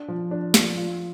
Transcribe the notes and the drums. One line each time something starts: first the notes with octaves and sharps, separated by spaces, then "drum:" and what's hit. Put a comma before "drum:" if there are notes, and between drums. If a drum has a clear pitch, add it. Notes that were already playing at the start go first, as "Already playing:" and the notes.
Already playing: D4
F3
D4
F3, drum: snare
F4